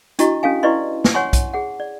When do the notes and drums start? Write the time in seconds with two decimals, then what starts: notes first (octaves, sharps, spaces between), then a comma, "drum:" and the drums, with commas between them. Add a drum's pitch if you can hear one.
0.19 D4 E4 F#4 D#5 C#6, drum: hi-hat
0.43 C#4 A4 F5 G#5
0.63 E4 G4 B4 D5 D#5 C6
1.04 drum: snare
1.14 C#5 F#5 G#5 C6 C#6
1.33 drum: kick B1, hi-hat
1.54 G#4 F#5
1.80 D5